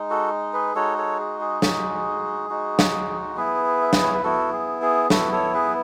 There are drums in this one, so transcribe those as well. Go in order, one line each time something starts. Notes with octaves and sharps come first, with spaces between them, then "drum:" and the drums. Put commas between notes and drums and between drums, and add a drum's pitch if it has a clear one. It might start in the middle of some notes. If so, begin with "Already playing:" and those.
Already playing: G#3 D#4
F#4 A4
G#4 B4
G#3 D#4 F#4 A4 C#5
A4 C#5
G#4
G#4
G#3 D#4 F#4, drum: snare
G#3 D#4 F#4
drum: snare
B3 E4 G#4 B4
E5
D#5, drum: snare
C#5
B4
B3 E4 F#4 A4
G#4
G#4
B3 E4 F#4 A4, drum: snare
A4 C#5
G#4 B4